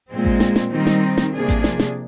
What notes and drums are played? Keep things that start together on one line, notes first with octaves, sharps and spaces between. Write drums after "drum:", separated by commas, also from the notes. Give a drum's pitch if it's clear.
A#2 G#3 C4
drum: kick A1
drum: snare
drum: snare
D#3 G3 C4 D#4
drum: snare
drum: snare
C3 F3 A#3 D4 G#4
drum: kick A1, hi-hat
drum: snare
drum: snare